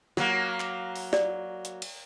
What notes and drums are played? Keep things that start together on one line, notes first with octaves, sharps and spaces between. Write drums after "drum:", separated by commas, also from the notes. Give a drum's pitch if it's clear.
F#3 A#3, drum: snare
drum: clap
drum: open hi-hat
D5, drum: snare
drum: hi-hat
drum: cymbal